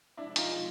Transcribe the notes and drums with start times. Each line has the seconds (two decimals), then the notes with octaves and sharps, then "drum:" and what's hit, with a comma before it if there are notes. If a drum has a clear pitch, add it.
0.17 C3 F3 G#3 D4 E4
0.36 D#4 F4, drum: hi-hat